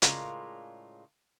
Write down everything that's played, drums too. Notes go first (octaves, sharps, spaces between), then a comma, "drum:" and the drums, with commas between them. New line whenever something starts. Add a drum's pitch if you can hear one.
A2 C#3 G#3 F4 A#4 D5, drum: hi-hat